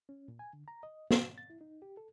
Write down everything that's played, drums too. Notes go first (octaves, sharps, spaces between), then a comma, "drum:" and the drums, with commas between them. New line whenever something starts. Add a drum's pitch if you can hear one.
C#4
A#2
G#5
D3
A#5
D#5
F#4, drum: snare
A6
E4
D#4
G4
A4